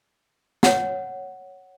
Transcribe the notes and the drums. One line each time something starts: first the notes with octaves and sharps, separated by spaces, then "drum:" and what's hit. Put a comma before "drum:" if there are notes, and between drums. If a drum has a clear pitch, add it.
C#5 F#5, drum: snare